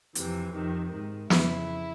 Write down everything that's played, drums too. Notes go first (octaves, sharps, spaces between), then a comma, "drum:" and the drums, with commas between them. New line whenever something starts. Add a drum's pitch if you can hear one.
F2 C3 E3, drum: hi-hat
F2 C3 D#3
G#2 D#3
F2 C#3 E3 E4, drum: snare